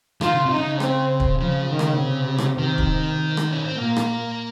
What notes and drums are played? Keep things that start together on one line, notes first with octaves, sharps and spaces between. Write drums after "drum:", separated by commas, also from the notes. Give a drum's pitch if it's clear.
D#3 F4, drum: rim click
C#3
C3 D#4
C#3
C4, drum: rim click
drum: kick
C#3 F3
D#3
drum: rim click
C3
drum: rim click
D#3
drum: kick
drum: rim click
C#4
C4
A#2 A#3
drum: rim click